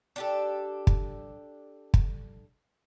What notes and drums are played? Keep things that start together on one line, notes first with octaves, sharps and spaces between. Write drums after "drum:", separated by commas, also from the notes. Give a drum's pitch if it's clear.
D4 G4 A4
drum: kick
drum: kick